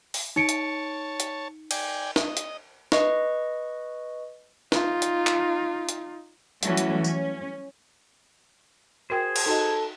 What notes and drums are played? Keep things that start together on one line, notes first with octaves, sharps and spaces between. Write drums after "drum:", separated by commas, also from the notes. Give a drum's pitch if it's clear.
drum: open hi-hat
D#4 C#5 A5 C#7 D7
drum: hi-hat
drum: hi-hat
D5 G5 G#5, drum: cymbal
D#5, drum: snare
drum: hi-hat
B4 D#5 C#6, drum: snare
D#4 F4, drum: snare
drum: hi-hat
drum: clap
drum: hi-hat
E3 F#3 G3 A3 C#4 F#4, drum: hi-hat
drum: hi-hat
C#4, drum: tambourine
F#4 G#4 A#4 C5 G5
drum: cymbal
D#4 F#4 A4 D#5